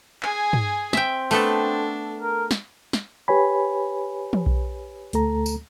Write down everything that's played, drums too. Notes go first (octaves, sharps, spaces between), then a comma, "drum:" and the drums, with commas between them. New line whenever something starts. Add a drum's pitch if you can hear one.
G#4 G#5, drum: clap
drum: tom
C4 E5 G5, drum: snare
A3 B3 D4 A4, drum: open hi-hat
A#4
drum: snare
drum: snare
G4 B4 C#5 G#5 B5
drum: tom
drum: kick B1
D2 A3 A4 A#5, drum: hi-hat
drum: tambourine